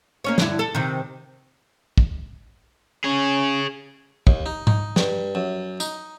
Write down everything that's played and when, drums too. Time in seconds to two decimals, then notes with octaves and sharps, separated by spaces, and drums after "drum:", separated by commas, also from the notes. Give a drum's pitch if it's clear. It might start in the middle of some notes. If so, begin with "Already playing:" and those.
0.24 A#3 C#4 C#5
0.38 G2 D3 E4, drum: snare
0.59 A4
0.75 C3 D#3
1.98 drum: kick
3.04 C#4 G#4 C#5
4.27 D#2, drum: kick
4.46 D#4
4.67 D#4, drum: tom G#2
4.96 G2, drum: snare
5.35 F#2
5.80 D#4, drum: tambourine